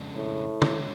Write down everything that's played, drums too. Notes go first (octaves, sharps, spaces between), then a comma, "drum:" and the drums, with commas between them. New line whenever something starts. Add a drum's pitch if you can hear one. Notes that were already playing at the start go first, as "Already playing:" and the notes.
Already playing: F2 C#3 G#3 D4
A2
G#3 D4 F#4 C#5, drum: tom